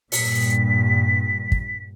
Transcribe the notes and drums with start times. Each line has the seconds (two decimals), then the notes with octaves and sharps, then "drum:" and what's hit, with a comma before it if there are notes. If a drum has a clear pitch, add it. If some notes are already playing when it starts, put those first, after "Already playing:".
0.12 G2 A#2 B6, drum: open hi-hat
1.52 drum: kick